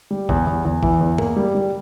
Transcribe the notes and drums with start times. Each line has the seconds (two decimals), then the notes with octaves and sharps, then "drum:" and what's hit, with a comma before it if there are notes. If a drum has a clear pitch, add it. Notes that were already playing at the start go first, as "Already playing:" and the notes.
0.11 G3
0.29 E2, drum: kick
0.47 E2
0.65 E2
0.83 E3, drum: kick
1.01 E2
1.18 A#3, drum: tom G2
1.36 G3
1.55 G3